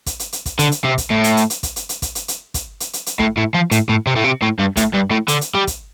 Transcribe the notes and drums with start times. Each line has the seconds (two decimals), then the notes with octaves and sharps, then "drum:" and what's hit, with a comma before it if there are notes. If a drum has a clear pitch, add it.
0.06 drum: kick, hi-hat
0.19 drum: hi-hat
0.33 drum: hi-hat
0.46 drum: kick, hi-hat
0.59 D3, drum: hi-hat
0.72 drum: hi-hat
0.84 C3
0.98 drum: kick, hi-hat
1.11 A2
1.24 drum: hi-hat
1.37 drum: hi-hat
1.50 drum: hi-hat
1.63 drum: kick, hi-hat
1.76 drum: hi-hat
1.89 drum: hi-hat
2.02 drum: kick, hi-hat
2.15 drum: hi-hat
2.28 drum: hi-hat
2.54 drum: kick, hi-hat
2.80 drum: hi-hat
2.93 drum: hi-hat
3.06 drum: hi-hat
3.19 A2, drum: kick
3.37 A2
3.54 F3
3.71 A2, drum: hi-hat
3.89 A2
4.07 C3
4.16 A2
4.24 C3
4.42 A2
4.59 G2
4.77 A2, drum: kick, hi-hat
4.93 G2
5.10 A2
5.28 D3, drum: hi-hat
5.41 drum: hi-hat
5.54 G3
5.67 drum: kick, hi-hat